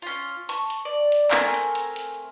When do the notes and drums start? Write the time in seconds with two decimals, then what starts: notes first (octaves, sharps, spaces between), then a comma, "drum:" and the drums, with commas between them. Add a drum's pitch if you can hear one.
0.02 C#4 F4
0.49 A5 C#6, drum: hi-hat
0.70 drum: hi-hat
0.85 D5
1.12 drum: hi-hat
1.31 A3 C4 A#4 G#5, drum: clap
1.54 drum: hi-hat
1.75 drum: hi-hat
1.96 drum: hi-hat